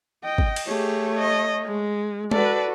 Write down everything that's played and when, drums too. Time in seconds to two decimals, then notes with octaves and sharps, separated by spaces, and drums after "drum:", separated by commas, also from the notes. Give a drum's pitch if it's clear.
0.24 D#5 G5
0.38 drum: kick G#1
0.56 drum: cymbal
0.67 A3 G4 G#4 C#5
1.19 D#5
1.67 G#3
2.31 F#4 A4 B4 D5, drum: tom G#3